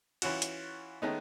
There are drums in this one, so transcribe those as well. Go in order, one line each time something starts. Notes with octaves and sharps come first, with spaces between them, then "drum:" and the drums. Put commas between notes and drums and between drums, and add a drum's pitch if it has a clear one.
E3 C#4 F4 F#4, drum: cymbal
drum: hi-hat
D#3 G#3 A3 B3 C#4 D#4